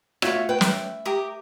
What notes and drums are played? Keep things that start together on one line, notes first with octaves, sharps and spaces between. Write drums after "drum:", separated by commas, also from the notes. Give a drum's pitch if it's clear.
A3 F4 F#4 C#5 E5, drum: rim click
B4 G5
E5, drum: snare
G4 A#4 D#6